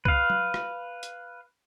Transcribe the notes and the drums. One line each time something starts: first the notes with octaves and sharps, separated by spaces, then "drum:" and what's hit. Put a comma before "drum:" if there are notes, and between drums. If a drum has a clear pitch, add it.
B4 F5, drum: kick C2
drum: tom F#3
drum: rim click
drum: hi-hat